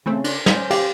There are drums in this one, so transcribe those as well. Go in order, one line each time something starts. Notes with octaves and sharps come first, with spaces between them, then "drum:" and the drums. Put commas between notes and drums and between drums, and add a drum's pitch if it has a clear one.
C#3 E3 A3 C4
D4, drum: cymbal
C#4 C5, drum: snare
G4 F5 G5, drum: cymbal